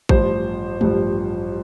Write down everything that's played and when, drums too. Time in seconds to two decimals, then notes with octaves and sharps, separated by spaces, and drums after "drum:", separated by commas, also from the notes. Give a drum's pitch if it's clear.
0.09 A1 G2 F3 C5, drum: kick A1
0.81 A1 G2 F3, drum: tom G#3